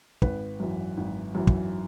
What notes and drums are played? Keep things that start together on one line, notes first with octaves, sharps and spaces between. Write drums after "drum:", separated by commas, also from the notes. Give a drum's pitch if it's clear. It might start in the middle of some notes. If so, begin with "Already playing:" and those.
G#1 B4, drum: kick
F#2 E3
G#1
F#2 E3
drum: kick